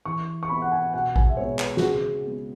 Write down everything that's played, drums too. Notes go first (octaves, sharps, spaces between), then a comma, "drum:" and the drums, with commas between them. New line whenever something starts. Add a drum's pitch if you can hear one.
E3 C#6
C#6
B3 B5
F#5
G#5
B2 F#5
G#5, drum: kick A1
E5
G#3 B3 C#5
B4, drum: clap
F#4, drum: snare
C#3 G#4
G#3 B3